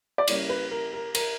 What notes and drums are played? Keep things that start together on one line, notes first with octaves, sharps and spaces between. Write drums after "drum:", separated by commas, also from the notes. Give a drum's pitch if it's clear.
D5
C#3 G3 A#3 E4 C#5, drum: cymbal
B4
A#4
A#4
A#4, drum: cymbal